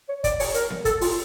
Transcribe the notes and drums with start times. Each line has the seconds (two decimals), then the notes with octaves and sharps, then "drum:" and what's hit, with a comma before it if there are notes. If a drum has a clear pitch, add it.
0.09 C#5
0.24 D5, drum: kick, hi-hat
0.40 C#5, drum: open hi-hat
0.54 A#4, drum: hi-hat
0.70 drum: snare B3
0.85 A4, drum: kick, hi-hat
1.01 F4, drum: open hi-hat